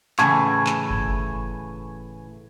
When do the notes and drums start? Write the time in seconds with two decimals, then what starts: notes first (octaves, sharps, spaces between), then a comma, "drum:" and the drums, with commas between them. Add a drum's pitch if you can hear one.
0.18 A2 C#3 E3 G#5 C#6, drum: clap
0.66 drum: clap
0.90 drum: kick G1